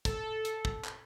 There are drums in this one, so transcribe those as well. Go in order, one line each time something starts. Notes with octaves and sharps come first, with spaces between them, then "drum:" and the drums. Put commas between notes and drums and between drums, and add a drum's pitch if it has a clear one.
A4, drum: kick, hi-hat
drum: hi-hat
drum: kick
drum: clap